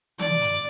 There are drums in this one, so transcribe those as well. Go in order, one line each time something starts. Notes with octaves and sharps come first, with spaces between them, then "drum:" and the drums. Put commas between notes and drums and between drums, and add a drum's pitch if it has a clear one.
D5, drum: tom D#3
drum: hi-hat